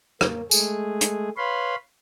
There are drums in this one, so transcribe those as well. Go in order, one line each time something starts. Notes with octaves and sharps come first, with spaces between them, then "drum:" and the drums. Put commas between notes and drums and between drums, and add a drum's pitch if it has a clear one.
A#3, drum: rim click
G#3 A3 G#4, drum: tambourine
drum: hi-hat
B4 C#5 F5 B5 C6